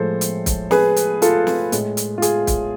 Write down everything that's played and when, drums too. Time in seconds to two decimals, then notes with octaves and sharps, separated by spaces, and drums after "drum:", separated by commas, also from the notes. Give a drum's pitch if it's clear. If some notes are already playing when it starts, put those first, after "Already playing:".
Already playing: A2 F3 G#3 A4 C5
0.21 drum: hi-hat
0.46 drum: kick, hi-hat
0.71 G#4 B4, drum: snare
0.96 drum: hi-hat
1.22 F4 A4, drum: hi-hat
1.47 drum: snare
1.72 A2 G#3, drum: hi-hat
1.97 drum: hi-hat
2.18 F4
2.22 G#4, drum: hi-hat
2.47 drum: kick, hi-hat